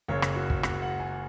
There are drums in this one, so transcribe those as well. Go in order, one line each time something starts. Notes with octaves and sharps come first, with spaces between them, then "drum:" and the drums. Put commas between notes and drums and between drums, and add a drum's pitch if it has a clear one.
F#1 F#2 C#3 C#5
drum: rim click
F#4
drum: kick
F#4, drum: rim click
F#5
G#5